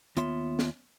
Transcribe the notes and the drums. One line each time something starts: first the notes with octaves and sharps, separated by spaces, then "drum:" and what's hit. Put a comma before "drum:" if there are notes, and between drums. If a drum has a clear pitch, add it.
D#2 B3 F4 C#5 E5 C6, drum: hi-hat
drum: snare